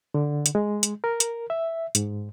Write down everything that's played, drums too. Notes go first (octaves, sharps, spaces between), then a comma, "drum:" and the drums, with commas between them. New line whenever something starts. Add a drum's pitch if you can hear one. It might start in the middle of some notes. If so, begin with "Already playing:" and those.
D3
drum: hi-hat
G#3
drum: hi-hat
A#4
drum: hi-hat
E5
G#2, drum: hi-hat